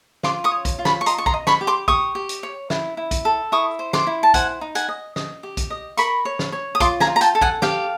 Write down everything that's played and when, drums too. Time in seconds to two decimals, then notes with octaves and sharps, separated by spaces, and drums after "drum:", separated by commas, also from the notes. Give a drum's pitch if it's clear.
0.23 F4 C6 D6, drum: snare
0.44 C#6 D#6
0.51 C#5
0.65 drum: kick A#1, hi-hat
0.79 F4
0.85 B5 C#6, drum: snare
1.01 C#6
1.06 D#5 A#5 C6, drum: hi-hat
1.18 C#6
1.26 A#5 C6, drum: kick A#1
1.34 D#5
1.47 B5 C#6, drum: snare
1.61 G4
1.67 C6 D6
1.88 G4 C#6 D#6, drum: kick A#1
2.15 G4
2.29 drum: hi-hat
2.43 C#5
2.70 E4, drum: snare
2.97 E4
3.11 drum: kick A#1, hi-hat
3.25 A4
3.52 E4 C#6 D#6
3.79 C5
3.93 C6 D6, drum: snare
4.07 E4
4.23 A5
4.34 C5 F#5 G#5, drum: kick A#1, hi-hat
4.61 D#4
4.75 F#5 G#5, drum: hi-hat
4.88 D#5
5.16 D#5, drum: snare
5.43 G4
5.57 drum: kick A#1, hi-hat
5.70 D#5
5.97 A#4 B5 C#6, drum: hi-hat
6.25 C#5
6.39 drum: snare
6.52 C#5
6.75 D#6
6.80 F4 C6 D6, drum: kick A#1, hi-hat
7.00 G#5 A#5, drum: snare
7.07 F4
7.16 A#5
7.21 G5 A5, drum: hi-hat
7.35 A4
7.41 F#5 G#5, drum: kick A#1
7.62 G4 F5 G5, drum: snare